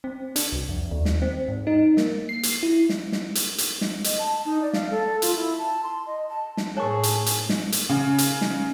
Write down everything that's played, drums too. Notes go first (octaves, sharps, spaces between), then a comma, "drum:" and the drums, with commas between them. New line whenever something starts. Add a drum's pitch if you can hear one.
C4
D4, drum: hi-hat
C2
F2
D#2
drum: snare
C4
G#2
D#4
A#3, drum: snare
C7
drum: hi-hat
E4
drum: snare
drum: snare
drum: hi-hat
drum: hi-hat
drum: snare
D#5, drum: hi-hat
A5
D#4
D5
F5, drum: snare
A4
F4, drum: hi-hat
E4
A5
C6
D#5
A5
drum: snare
A2 G#4 A#4 C#5 A5 C#6
drum: hi-hat
drum: hi-hat
drum: snare
drum: hi-hat
C#3
drum: hi-hat
drum: snare